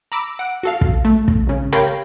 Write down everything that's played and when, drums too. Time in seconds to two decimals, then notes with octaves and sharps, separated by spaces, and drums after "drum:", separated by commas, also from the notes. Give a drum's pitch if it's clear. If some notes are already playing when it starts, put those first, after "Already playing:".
0.12 A#5 B5 D6 E6
0.39 F#5 D7
0.63 F#4 A4 F5
0.81 drum: kick
1.05 A3
1.28 drum: kick
1.47 G#1 C#3
1.73 G4 A#4 C#5 F5 G5 B5, drum: rim click